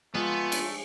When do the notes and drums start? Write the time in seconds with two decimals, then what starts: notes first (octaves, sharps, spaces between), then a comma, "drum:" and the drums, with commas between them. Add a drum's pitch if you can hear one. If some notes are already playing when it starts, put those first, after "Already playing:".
0.15 G#3 A3 B3 F4
0.52 drum: cymbal